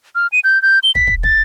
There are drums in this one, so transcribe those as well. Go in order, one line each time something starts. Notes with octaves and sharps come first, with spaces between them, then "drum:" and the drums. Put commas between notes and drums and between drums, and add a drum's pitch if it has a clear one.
F6
D#7
G6
G6
G7
B6, drum: kick
drum: kick
A6, drum: kick